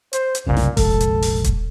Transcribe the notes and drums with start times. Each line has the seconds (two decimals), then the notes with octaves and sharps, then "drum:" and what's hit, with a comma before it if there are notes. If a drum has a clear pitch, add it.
0.13 C5, drum: hi-hat
0.35 drum: hi-hat
0.47 F#1 C2 A#2 C#3
0.57 drum: snare
0.77 F1 A#1 G#3 A4, drum: kick E1, open hi-hat
1.01 drum: hi-hat
1.22 drum: open hi-hat
1.44 drum: kick E1, hi-hat